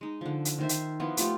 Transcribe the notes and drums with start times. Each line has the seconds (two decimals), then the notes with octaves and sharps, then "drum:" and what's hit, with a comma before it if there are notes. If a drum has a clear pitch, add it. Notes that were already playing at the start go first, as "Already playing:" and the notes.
0.01 G#3 D#4
0.21 D3 F3
0.45 drum: hi-hat
0.58 D#3 C5 E5
0.69 drum: hi-hat
1.00 F3 B3 E4 F4
1.17 A3 F4 G4, drum: hi-hat